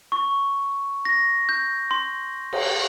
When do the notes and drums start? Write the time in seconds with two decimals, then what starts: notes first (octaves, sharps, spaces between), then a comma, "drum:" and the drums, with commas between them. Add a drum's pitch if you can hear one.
0.12 C#6
1.05 A#6
1.49 G6
1.91 C6
2.53 drum: cymbal